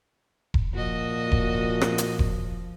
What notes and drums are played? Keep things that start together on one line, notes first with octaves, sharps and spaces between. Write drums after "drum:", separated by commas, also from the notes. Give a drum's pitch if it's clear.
drum: kick E1
A#2 F3 F#4 D#5
drum: kick E1
drum: rim click
drum: hi-hat
drum: kick E1